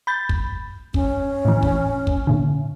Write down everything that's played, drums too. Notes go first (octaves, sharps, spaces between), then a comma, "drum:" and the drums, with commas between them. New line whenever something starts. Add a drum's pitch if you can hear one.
B5 G6 A6
drum: kick
C#4, drum: kick
A2 E3
drum: kick
drum: kick
A#2 D3